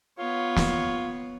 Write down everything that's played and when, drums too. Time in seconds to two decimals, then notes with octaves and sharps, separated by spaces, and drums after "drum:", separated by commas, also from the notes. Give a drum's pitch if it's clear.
0.18 B3 F4 C#5
0.56 drum: snare